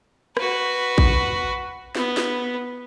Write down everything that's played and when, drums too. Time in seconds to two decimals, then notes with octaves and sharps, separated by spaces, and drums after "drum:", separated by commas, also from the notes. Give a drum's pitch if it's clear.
0.37 F#4 B4, drum: rim click
0.98 drum: kick A1
1.95 B3, drum: snare
2.17 drum: snare